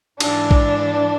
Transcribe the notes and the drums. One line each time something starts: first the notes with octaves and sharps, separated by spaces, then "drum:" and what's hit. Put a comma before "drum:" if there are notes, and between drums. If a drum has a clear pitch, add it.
G#2 E3 D4, drum: cymbal
drum: kick